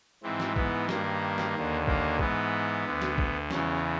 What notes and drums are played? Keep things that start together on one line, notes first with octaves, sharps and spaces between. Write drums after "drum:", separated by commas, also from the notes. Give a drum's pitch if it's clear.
G#2 E3 C4
drum: snare
B3, drum: kick
G2 D#3 A#3, drum: snare
drum: snare
D#2 D3
A#3, drum: kick
G#2 E3 B3, drum: kick
D2 D3
drum: snare
drum: kick
E2 C#3 E3 C#4, drum: snare